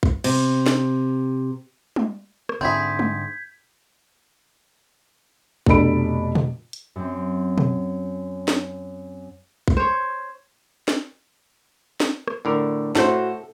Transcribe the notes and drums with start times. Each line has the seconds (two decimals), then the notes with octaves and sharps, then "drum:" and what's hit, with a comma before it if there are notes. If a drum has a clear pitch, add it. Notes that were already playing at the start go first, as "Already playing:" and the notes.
0.03 drum: kick
0.24 C3, drum: cymbal
0.66 drum: snare
1.96 drum: tom
2.49 drum: rim click
2.61 G#2 D3 C4 E4 G#4 G6 G#6 B6
2.99 drum: tom
5.66 F1 B2 D4 A4 B5 D7, drum: kick
6.35 drum: tom
6.73 drum: hi-hat
6.96 F#2 C4
7.58 drum: tom
8.48 drum: snare
9.68 drum: kick
9.77 C5 C#5
10.88 drum: snare
12.00 drum: snare
12.28 drum: rim click
12.45 A2 D3 A#4
12.95 A2 F#4 A4 C5, drum: snare